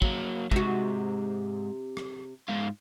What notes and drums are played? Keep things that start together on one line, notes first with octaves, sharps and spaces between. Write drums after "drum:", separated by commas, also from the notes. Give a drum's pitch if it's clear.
F#3 A#3, drum: kick
G#2 C3 F#4, drum: kick
drum: rim click
G#2 F4